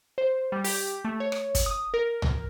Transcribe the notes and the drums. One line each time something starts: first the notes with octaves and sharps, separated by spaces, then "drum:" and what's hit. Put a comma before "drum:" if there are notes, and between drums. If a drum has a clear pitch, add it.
C5
G3
G4, drum: open hi-hat
A3
C#5
drum: rim click
drum: kick, hi-hat
D#6
A#4
drum: tom